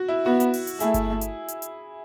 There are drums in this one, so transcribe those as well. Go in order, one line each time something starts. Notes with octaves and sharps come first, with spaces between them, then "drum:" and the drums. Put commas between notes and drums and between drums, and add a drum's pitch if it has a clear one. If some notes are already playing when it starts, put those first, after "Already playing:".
Already playing: F#4
E4
B3 F#4
drum: hi-hat
drum: open hi-hat
drum: hi-hat
A3 E4 G#4, drum: hi-hat
drum: kick G1, hi-hat
drum: hi-hat
drum: hi-hat
drum: hi-hat